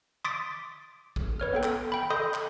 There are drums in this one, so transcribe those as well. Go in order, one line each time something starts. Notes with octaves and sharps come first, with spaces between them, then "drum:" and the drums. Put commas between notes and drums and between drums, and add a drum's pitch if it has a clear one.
C6 D6 D#6 A6 B6 D7
drum: kick A1
B4 C#5 F6
B3 A4 G5
drum: clap
G5 B5
A4 D#5 C6 D#6 G6
drum: clap